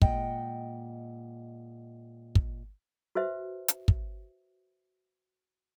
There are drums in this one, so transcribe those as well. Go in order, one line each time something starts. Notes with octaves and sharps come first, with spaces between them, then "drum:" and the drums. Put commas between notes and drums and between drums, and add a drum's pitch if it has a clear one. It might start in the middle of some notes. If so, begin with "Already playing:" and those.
A#2 G#3 D#5 F#5 G5, drum: kick
drum: kick
F#4 B4 C5 E5
drum: hi-hat
drum: kick